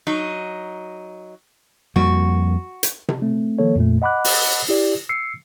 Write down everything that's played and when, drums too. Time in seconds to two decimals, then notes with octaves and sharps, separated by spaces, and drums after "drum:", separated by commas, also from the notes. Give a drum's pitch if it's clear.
0.07 F#3 D#4
1.96 F2 G3 A#3 F#4
2.83 drum: hi-hat
3.09 drum: tom C3
3.22 A3 C4
3.59 D#3 F3 A#3 A4 C#5
3.76 F2 A#2 A3
4.02 D#5 F#5 B5 D6 F#6
4.24 drum: open hi-hat
4.69 E4 G4 D5
5.09 E6 C7 C#7